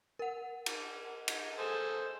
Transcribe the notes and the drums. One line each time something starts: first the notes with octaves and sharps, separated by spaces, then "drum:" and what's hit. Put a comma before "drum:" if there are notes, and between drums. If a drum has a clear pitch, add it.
A#4 F#5
drum: cymbal
drum: cymbal
G#4 A4 C5